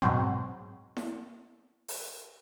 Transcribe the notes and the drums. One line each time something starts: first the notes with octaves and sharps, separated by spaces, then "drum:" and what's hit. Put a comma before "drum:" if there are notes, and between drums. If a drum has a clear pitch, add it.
G#2 B2 F#3 C4
drum: snare E4
drum: open hi-hat